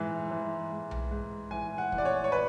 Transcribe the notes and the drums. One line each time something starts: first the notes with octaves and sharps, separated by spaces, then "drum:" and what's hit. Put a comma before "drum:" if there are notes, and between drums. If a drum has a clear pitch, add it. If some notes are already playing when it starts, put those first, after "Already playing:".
Already playing: G#2 E3
E3
G#2
drum: tom B1
G#2
E3 G#5
F#5
E3, drum: kick
D5
C#5
C#5
B4